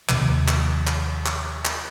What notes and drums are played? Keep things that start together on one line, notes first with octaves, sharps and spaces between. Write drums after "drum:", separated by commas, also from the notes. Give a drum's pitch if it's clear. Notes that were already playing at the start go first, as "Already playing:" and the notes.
D#2 C3 F3, drum: clap
drum: clap
drum: clap
drum: clap
drum: clap